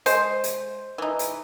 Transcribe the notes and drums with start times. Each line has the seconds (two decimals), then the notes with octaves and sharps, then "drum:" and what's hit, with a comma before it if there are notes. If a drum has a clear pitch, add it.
0.06 G#3 C5, drum: hi-hat
0.44 drum: hi-hat
0.98 E3 D#4
1.19 drum: hi-hat